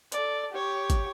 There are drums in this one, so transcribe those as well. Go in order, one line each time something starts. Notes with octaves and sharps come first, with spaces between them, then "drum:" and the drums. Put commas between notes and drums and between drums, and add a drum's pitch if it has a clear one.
A4 D5, drum: hi-hat
G4 C#5
drum: kick, hi-hat